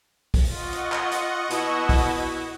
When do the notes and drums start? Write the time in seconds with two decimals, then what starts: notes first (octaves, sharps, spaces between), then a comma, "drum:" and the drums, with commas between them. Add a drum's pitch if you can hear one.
0.34 drum: kick, open hi-hat
0.52 F4 D#5 F#5 C#6
0.73 drum: hi-hat
0.92 drum: clap
1.12 drum: hi-hat
1.50 B2 E4, drum: hi-hat
1.89 drum: kick, open hi-hat